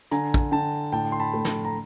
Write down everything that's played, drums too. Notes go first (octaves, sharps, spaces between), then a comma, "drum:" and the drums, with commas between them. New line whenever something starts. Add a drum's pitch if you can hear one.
D3 G#5 A#5, drum: hi-hat
drum: kick
D3 G5 A5
A2 G5 A5
C6
A5 B5
A3
drum: snare
A#5